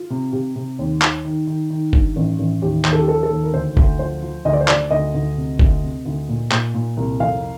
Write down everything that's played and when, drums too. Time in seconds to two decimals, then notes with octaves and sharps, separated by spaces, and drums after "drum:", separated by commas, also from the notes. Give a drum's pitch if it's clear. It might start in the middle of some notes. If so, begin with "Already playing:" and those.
Already playing: F4
0.10 C3
0.33 C3 G4
0.56 C3
0.79 D#2
1.02 D#3, drum: clap
1.25 D#3
1.47 D#3
1.70 D#3
1.93 G2, drum: kick F#1
2.16 A1
2.39 A1
2.62 D#2 G4
2.85 D#2, drum: clap
2.93 A4
3.00 G4
3.08 F3 A4
3.23 A4
3.30 D#2
3.43 A#4
3.53 D2 C5
3.77 D2, drum: kick F#1
3.99 F3 C5
4.22 F3
4.45 D2 D#5
4.53 D5
4.61 C5
4.68 D2 D5, drum: clap
4.90 D2 D#5
5.14 D2
5.37 C3
5.59 D2, drum: kick F#1
5.83 C3
6.05 D2
6.29 A#2
6.52 A#2, drum: clap
6.74 A#2
6.97 C2
7.20 F2 F5